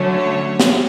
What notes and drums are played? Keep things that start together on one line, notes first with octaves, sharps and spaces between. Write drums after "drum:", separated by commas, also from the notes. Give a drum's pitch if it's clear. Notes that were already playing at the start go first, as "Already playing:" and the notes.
Already playing: D3 F#3 A3 C#4
C#5
drum: snare